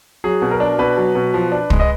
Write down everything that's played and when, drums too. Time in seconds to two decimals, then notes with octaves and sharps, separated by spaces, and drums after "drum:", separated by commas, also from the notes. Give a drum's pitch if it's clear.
0.24 F#3 G#4
0.42 B2
0.51 A#4
0.60 D4
0.79 B2 B4
0.97 F#3
1.15 B2
1.34 F3
1.52 D4
1.70 G#3, drum: kick
1.80 D#5